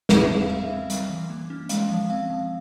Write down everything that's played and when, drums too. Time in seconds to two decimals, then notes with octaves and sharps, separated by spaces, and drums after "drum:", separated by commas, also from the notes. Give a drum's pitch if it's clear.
0.09 C4 E5, drum: snare
0.30 G3
0.42 F5
0.49 G3 E5
0.70 C4
0.90 G3, drum: hi-hat
1.10 E3
1.30 A#3
1.50 C#4
1.69 G#3 F5, drum: hi-hat
1.90 F3
2.10 C4 F5
2.30 F3